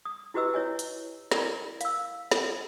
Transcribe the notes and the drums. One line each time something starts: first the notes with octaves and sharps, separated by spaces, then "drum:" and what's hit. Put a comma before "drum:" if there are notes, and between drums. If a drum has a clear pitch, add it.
D#6
E4 F#4 G4 B4 D#5 E6
E4 C#5 D#5 G#5
drum: hi-hat
E4 A#4 D5 B5, drum: snare
F5 E6, drum: hi-hat
drum: snare